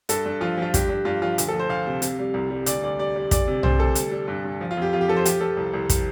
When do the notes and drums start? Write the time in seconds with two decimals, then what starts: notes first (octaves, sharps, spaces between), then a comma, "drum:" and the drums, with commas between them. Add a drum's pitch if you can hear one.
0.09 G2 A4, drum: hi-hat
0.26 G2
0.41 F3 F4
0.57 F3 F4
0.74 G2 G4, drum: kick, hi-hat
0.89 G2
1.05 G2 F4
1.22 F3 F4
1.38 D2, drum: hi-hat
1.48 A4
1.53 F3
1.59 C5
1.70 D2 F5
1.87 C3
2.02 C3, drum: hi-hat
2.19 G3
2.34 C2
2.50 G3
2.66 D2 D5, drum: hi-hat
2.84 D2 D5
2.99 G3 D5
3.16 G3
3.31 D2 D5, drum: kick, hi-hat
3.48 C3
3.63 D2 C5, drum: tom
3.79 D2 A4
3.95 G3, drum: hi-hat
4.11 G3
4.28 G2
4.45 G2
4.61 F3
4.71 F4
4.77 F2 G4
4.93 F2 F4
5.01 G4
5.08 F3 A4
5.17 C5
5.25 F3 G4, drum: hi-hat
5.41 F3 A4
5.57 C2
5.74 C2
5.90 drum: kick, hi-hat